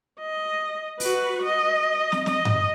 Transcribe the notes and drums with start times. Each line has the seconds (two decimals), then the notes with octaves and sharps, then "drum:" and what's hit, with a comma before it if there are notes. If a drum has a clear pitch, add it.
0.20 D#5
1.00 F#4 B4, drum: open hi-hat
1.42 D#5
2.12 drum: snare
2.26 D#5, drum: snare
2.45 drum: tom G2